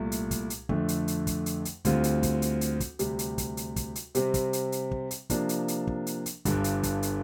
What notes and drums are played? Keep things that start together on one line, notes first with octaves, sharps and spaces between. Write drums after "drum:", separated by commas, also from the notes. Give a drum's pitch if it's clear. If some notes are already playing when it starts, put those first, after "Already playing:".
Already playing: C2 A#2 A3
drum: hi-hat
drum: kick, hi-hat
drum: hi-hat
F2 D3 A3, drum: kick
drum: hi-hat
drum: hi-hat
drum: kick, hi-hat
drum: hi-hat
drum: hi-hat
D2 D3 G3 C4 F4, drum: kick, hi-hat
drum: hi-hat
drum: kick, hi-hat
drum: hi-hat
drum: hi-hat
drum: kick, hi-hat
D2 C3 G3, drum: hi-hat
drum: hi-hat
drum: kick, hi-hat
drum: hi-hat
drum: kick, hi-hat
drum: hi-hat
C3 G3 C4, drum: hi-hat
drum: kick, hi-hat
drum: hi-hat
drum: hi-hat
drum: kick
drum: hi-hat
C3 F3 A#3 D4, drum: kick, hi-hat
drum: hi-hat
drum: hi-hat
drum: kick
drum: hi-hat
drum: hi-hat
G1 G2 D3, drum: kick, hi-hat
drum: hi-hat
drum: kick, hi-hat
drum: hi-hat